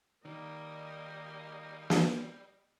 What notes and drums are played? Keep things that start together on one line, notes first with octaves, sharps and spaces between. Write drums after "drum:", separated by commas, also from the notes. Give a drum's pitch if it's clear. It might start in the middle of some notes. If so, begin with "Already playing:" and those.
D#3 G3 A#3 D#5
drum: snare